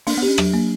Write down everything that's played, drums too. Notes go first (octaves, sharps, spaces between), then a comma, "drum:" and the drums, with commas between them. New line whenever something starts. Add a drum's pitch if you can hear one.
A#3 D4, drum: open hi-hat
B3
G4
C#4
F#3 D4, drum: rim click
A#3